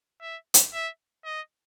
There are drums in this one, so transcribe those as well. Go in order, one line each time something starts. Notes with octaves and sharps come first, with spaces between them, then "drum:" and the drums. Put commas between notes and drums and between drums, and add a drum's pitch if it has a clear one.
E5
drum: hi-hat
E5
D#5